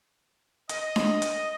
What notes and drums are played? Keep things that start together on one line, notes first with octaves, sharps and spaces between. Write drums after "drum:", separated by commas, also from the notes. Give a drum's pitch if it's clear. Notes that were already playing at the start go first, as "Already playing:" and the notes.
D#5, drum: hi-hat
drum: snare D4
drum: hi-hat